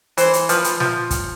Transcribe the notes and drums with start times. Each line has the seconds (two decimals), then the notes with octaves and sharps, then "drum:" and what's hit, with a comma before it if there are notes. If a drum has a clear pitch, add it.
0.18 E3 C5, drum: hi-hat
0.33 drum: hi-hat
0.49 F3 B4, drum: hi-hat
0.64 drum: hi-hat
0.80 F3, drum: snare
1.11 drum: kick, hi-hat